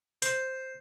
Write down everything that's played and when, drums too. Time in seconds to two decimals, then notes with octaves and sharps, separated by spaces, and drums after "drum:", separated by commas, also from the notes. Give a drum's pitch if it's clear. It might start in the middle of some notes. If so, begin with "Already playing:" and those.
0.22 C5, drum: hi-hat